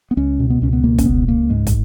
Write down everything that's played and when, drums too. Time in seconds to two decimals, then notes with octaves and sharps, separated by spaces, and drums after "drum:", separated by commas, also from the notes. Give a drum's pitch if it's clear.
0.11 B3
0.17 C#2 C#4
0.39 B2
0.50 B3
0.62 C#2 C#4
0.73 B3
0.83 B2 A#3
0.98 C#4, drum: kick, hi-hat
1.05 C#2 B3
1.28 C#2 A#3
1.50 G#2 G#3
1.67 drum: kick, hi-hat